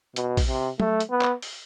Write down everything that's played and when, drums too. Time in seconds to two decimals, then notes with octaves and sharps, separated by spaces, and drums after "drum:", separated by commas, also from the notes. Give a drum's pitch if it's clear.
0.16 B2, drum: hi-hat
0.37 drum: kick A#1, open hi-hat
0.48 C3
0.80 A3, drum: tom
1.00 drum: hi-hat
1.11 B3
1.21 drum: clap
1.42 drum: open hi-hat